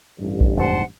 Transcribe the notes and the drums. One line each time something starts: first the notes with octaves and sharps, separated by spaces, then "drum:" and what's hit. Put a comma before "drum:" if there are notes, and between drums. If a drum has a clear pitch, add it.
A1 G2
drum: kick A#1
F1 E2 G#2 C5 F#5 A5